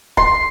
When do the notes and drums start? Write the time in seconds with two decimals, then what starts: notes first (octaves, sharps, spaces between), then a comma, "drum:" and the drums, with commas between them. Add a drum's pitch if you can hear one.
0.17 C6, drum: kick